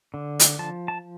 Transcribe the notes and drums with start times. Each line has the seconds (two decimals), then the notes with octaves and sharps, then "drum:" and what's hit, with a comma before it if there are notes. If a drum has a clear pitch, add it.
0.14 D3
0.40 drum: hi-hat
0.59 F3 A5
0.88 A5